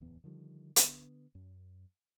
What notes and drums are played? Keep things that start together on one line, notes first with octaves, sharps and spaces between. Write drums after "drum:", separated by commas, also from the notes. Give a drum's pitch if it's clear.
D1 E2 B3
D3 D#3 F3 G3
D3 B3, drum: hi-hat
F#2